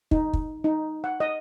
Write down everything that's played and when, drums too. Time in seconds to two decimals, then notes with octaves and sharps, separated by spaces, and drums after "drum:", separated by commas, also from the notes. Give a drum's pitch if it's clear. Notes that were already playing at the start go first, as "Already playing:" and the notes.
0.11 D#4, drum: kick
0.33 drum: kick
0.64 D#4
1.04 F#5
1.20 D#5